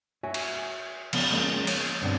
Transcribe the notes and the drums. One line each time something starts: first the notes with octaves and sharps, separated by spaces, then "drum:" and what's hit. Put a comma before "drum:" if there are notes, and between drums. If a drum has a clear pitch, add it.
F#4 C#5 E5 G#5
drum: cymbal
C#3 F3 B3, drum: cymbal
F3 G#3 A#3 C#4
C#5, drum: cymbal
G2 B2 D3 C4 D4 F#5